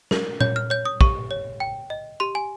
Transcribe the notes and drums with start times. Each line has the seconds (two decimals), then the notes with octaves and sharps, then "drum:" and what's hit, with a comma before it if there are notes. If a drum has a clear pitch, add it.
0.11 A#4, drum: snare
0.41 C#5 G6, drum: tom A#2
0.56 F6
0.70 C#5 G6
0.85 D#6
1.01 G4 C#6, drum: kick
1.31 C#5
1.60 G5
1.90 D#5
2.20 G4 C6
2.35 G#5